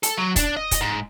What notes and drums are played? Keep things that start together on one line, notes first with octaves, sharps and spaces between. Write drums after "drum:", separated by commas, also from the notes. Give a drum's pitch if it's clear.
A4, drum: hi-hat
F#3
D4, drum: kick, hi-hat
D#5
drum: kick, hi-hat
G#2